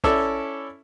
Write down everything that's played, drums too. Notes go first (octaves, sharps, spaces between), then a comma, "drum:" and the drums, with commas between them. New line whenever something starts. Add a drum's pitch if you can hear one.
C#4 E4 A4 D5 E5, drum: kick